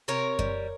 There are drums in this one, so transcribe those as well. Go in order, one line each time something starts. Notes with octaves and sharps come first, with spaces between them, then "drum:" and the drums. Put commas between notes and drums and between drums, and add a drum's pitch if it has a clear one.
C3 A#4 C#5
G3, drum: kick F#2